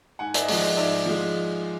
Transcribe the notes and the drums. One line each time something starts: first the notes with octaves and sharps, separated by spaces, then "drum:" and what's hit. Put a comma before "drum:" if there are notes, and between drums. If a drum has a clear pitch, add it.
G#2 F#5 G#5
D5 E5, drum: hi-hat
D#5
F3 G#3 D5 E5, drum: open hi-hat
G#2 D5 E5
F3 G#3